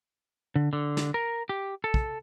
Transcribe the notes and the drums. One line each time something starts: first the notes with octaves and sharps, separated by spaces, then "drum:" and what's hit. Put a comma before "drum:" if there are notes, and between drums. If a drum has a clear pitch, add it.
D3
D3
drum: snare
A#4
G4
A4
drum: kick